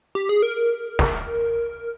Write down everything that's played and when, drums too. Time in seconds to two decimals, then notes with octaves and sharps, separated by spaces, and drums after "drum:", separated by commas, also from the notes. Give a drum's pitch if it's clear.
0.15 G4
0.29 G#4
0.43 A#4
0.99 drum: snare